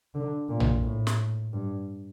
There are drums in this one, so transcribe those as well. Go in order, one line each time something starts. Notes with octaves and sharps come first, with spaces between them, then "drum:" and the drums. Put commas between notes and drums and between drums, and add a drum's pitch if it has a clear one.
D3
A#2
drum: tom A#1
A2
drum: snare
G2